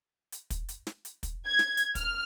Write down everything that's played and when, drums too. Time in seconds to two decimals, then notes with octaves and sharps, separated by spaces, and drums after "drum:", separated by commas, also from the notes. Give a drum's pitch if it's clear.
0.32 drum: hi-hat
0.50 drum: kick, hi-hat
0.69 drum: hi-hat
0.87 drum: snare
1.05 drum: hi-hat
1.23 drum: kick, hi-hat
1.46 G#6
1.59 drum: snare
1.77 drum: hi-hat
1.95 F6, drum: kick, hi-hat